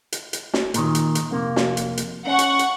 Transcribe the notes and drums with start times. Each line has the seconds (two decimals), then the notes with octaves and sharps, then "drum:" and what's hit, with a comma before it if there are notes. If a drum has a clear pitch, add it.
0.12 drum: hi-hat
0.33 drum: hi-hat
0.54 drum: snare
0.74 A#2 D#3, drum: hi-hat
0.95 drum: hi-hat
1.15 drum: hi-hat
1.31 F2 C3 A#3
1.56 drum: snare
1.77 drum: hi-hat
1.97 drum: hi-hat
2.27 C#4 F#5 C#6
2.39 drum: hi-hat
2.59 drum: hi-hat